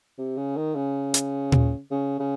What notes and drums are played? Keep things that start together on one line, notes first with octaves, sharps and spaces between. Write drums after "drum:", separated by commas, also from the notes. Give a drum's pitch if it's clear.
C3
C#3
D#3
C#3
drum: hi-hat
drum: tom A#2
C#3
C#3